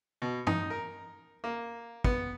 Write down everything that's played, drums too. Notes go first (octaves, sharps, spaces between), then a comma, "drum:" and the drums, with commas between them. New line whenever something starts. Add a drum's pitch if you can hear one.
B2
D#4, drum: tom G2
A#4
A#3
B3, drum: kick